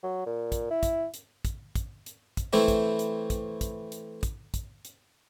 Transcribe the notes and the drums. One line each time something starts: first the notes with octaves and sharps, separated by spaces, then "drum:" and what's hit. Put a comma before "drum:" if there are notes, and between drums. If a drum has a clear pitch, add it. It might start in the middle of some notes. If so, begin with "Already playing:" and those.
F#3
A#2
drum: kick, hi-hat
E4
drum: kick, hi-hat
drum: hi-hat
drum: kick, hi-hat
drum: kick, hi-hat
drum: hi-hat
drum: kick, hi-hat
E3 A3 C4 E4
drum: kick, hi-hat
drum: hi-hat
drum: kick, hi-hat
drum: kick, hi-hat
drum: hi-hat
drum: kick, hi-hat
drum: kick, hi-hat
drum: hi-hat